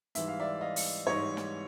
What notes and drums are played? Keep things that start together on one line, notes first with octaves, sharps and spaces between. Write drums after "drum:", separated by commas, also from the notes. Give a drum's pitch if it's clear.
G#2 E3 G3 E5, drum: hi-hat
F5
D5 E5
D#5 F5
drum: open hi-hat
G#2 E3 G3 C#5 D#5
drum: snare